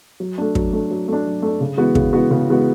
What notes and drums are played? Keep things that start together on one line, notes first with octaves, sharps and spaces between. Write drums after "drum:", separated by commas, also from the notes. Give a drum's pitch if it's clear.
F#3
A3 D4
F#3, drum: kick
A3 D4
F#3
A3 D4
F#3
A3
D4
C#3
E3 G#3 B3 F#4
C#3, drum: kick
E3 G#3 B3 F#4
C#3
E3 G#3 B3 F#4